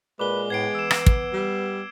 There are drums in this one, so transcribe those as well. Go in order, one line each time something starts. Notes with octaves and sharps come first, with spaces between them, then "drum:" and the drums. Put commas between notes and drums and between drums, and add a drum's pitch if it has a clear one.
A#2 G#3 B4 D6 G7
A2 B3 G#6 C7 D7
E3 E6 E7
drum: rim click
drum: kick
G3